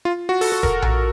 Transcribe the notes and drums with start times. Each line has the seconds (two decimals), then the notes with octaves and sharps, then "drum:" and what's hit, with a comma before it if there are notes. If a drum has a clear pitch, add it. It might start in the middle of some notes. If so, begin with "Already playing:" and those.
0.05 F4
0.29 F#4
0.41 A4, drum: open hi-hat
0.52 A4
0.63 A#4, drum: kick E1
0.82 drum: tom A#1